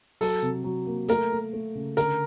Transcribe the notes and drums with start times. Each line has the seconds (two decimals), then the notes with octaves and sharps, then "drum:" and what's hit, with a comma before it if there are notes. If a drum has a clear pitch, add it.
0.21 F#3 A4, drum: open hi-hat
0.42 C3
0.64 F#3
0.87 A#3
1.08 A3 A#4, drum: hi-hat
1.31 A3
1.53 A3
1.75 C#3
1.97 D3 A#4, drum: hi-hat